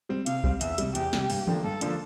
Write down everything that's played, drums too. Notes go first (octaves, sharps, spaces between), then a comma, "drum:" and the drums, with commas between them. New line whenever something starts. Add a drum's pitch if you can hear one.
G3 C4
C3 F5, drum: hi-hat
G3 C4, drum: kick B1
E2 E5, drum: hi-hat
C3 G3, drum: hi-hat
E2 G4, drum: hi-hat
C3 G3, drum: snare
G2, drum: open hi-hat
D3 F3 A#3 D4, drum: tom E3
G2 A4
D3 F3 A#3 D4, drum: hi-hat